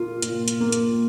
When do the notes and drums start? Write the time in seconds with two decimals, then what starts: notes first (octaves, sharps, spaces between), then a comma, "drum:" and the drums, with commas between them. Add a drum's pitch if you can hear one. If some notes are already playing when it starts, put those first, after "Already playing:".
Already playing: A#2 A#3 F4
0.22 A#2, drum: hi-hat
0.48 drum: hi-hat
0.60 A#3
0.72 drum: hi-hat